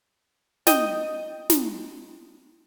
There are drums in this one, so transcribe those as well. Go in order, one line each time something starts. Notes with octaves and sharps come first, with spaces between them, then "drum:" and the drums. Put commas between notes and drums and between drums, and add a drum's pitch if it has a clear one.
D#5 G5, drum: snare
drum: snare